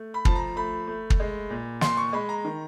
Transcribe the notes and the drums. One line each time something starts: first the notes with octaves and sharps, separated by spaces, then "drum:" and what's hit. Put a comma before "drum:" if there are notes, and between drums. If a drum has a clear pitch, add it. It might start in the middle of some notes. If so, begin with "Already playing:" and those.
Already playing: A3
B5
F3 A5, drum: kick
A#5
A3 B5
A3
drum: kick
G#3
A#2
A#2 C6, drum: snare
C#6
G#3 B5
A#5
D#3